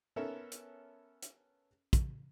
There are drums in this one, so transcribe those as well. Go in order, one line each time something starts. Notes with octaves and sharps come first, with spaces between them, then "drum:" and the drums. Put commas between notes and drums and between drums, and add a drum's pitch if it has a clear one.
B3 C#4 A4 A#4 C#5 E5
drum: hi-hat
drum: hi-hat
drum: kick, hi-hat